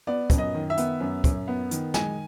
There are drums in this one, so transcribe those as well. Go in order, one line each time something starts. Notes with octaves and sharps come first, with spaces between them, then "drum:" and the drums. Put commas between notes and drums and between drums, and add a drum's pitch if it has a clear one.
B3 D5
F#2, drum: kick, hi-hat
D#5
D#3
E5
B3, drum: hi-hat
F#2
F#2, drum: kick, hi-hat
B3
D#3, drum: hi-hat
G#3 G#5, drum: snare